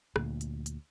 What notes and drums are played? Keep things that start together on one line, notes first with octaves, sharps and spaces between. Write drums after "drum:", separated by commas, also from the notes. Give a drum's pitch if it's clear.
D2 A#2, drum: rim click
drum: hi-hat
drum: hi-hat